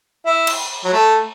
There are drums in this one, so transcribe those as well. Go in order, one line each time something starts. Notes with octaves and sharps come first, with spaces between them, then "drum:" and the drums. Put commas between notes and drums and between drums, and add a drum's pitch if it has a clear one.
E4
drum: cymbal
F#3
A3